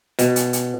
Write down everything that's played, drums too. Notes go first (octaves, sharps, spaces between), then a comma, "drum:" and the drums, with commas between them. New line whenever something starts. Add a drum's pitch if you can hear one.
B2, drum: hi-hat
drum: hi-hat
drum: hi-hat